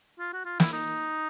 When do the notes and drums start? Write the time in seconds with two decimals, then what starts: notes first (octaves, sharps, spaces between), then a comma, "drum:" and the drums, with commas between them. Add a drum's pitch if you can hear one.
0.20 F4
0.33 F#4
0.45 F4
0.60 E4, drum: snare
0.73 D#4